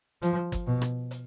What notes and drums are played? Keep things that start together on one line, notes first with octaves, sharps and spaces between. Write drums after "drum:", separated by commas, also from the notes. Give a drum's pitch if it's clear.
F3, drum: hi-hat
drum: kick G1, hi-hat
B2
drum: rim click
drum: hi-hat